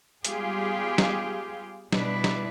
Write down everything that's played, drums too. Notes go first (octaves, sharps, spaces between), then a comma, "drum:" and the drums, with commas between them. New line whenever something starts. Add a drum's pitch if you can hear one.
G3 G#3 B3 F4 G4 G#4, drum: hi-hat
drum: snare
B2 G3 D4 E4 B4, drum: snare
drum: snare